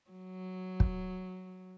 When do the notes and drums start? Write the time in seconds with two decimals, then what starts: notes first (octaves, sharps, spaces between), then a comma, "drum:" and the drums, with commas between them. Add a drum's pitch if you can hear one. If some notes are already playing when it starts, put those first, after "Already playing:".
0.11 F#3
0.80 drum: kick